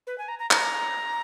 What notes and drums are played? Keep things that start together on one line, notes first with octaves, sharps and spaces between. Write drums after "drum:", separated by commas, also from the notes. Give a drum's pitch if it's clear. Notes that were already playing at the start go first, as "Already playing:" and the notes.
B4
G#5
A#5
A#5
A#5, drum: clap